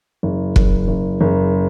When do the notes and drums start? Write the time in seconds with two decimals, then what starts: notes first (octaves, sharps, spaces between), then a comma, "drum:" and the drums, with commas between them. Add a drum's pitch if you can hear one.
0.23 F#1
0.56 F#1, drum: kick
0.88 F#1
1.21 F#1